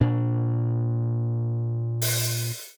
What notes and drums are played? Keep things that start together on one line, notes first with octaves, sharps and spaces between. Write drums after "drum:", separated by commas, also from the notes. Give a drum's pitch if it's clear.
A#2 D4
drum: open hi-hat